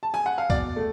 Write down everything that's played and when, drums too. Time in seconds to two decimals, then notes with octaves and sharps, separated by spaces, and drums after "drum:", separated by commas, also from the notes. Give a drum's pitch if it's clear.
0.03 A5
0.14 G#5
0.26 F#5
0.38 F5
0.50 B2 D5, drum: kick, tambourine
0.76 A3